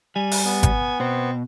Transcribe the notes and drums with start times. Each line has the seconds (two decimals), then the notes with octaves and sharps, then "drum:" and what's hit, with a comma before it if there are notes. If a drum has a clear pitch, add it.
0.16 G3 G#5
0.31 drum: open hi-hat
0.45 B3
0.63 drum: kick G#1, hi-hat
1.00 B2 C4